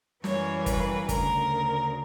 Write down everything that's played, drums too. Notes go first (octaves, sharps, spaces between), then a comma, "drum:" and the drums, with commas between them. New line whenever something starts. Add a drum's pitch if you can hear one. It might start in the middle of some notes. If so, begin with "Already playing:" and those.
F#2 E3 G3 A#3 C#4 C#5, drum: snare
B4, drum: kick G1, hi-hat
D2 C#3 A#4, drum: kick G1, hi-hat